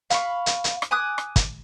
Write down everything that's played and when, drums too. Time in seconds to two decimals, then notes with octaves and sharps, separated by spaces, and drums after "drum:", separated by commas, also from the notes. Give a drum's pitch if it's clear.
0.10 F5 B5 C#6, drum: hi-hat
0.46 drum: hi-hat
0.64 drum: hi-hat
0.82 drum: rim click
0.91 G#5 D6 D#6 F#6
1.18 drum: rim click
1.36 drum: kick, hi-hat